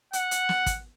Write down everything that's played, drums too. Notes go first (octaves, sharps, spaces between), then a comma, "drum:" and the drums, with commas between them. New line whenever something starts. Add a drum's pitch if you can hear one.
F#5, drum: hi-hat
drum: hi-hat
drum: snare
drum: kick, hi-hat